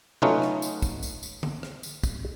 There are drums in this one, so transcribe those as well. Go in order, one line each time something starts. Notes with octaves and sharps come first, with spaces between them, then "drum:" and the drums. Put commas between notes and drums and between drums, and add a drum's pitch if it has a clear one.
F#3 A3 C#4 D#4 F4 B4, drum: tom C3
drum: rim click
drum: tambourine
drum: kick, tambourine
drum: tambourine
drum: tambourine
drum: tom D3
drum: rim click
drum: tambourine
drum: kick, tambourine